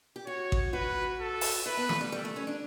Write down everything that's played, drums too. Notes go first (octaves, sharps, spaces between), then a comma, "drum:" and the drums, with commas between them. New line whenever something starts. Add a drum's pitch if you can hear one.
G4
F#4 C#5
drum: kick A1
F#4 B4
A4
drum: open hi-hat
E4 B4
B3
A3, drum: snare
G3
G3 A4
A3
C#4
D4